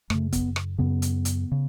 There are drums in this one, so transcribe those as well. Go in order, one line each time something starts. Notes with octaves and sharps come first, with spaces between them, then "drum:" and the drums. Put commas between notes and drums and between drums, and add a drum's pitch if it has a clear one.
F#2 C#3 A3, drum: rim click
B3, drum: kick, hi-hat
drum: rim click
F#2 C#3 B3
drum: hi-hat
drum: hi-hat
C#3